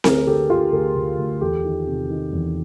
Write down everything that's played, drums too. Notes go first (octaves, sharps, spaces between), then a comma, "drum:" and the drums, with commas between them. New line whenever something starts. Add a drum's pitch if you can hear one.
D2 G#4 A#4, drum: snare C4
D3 G4 A4
D3 F4 G4
D2 G#4 A#4
D2
D2
E2 G4 A4
D#3
C3
D#3
E2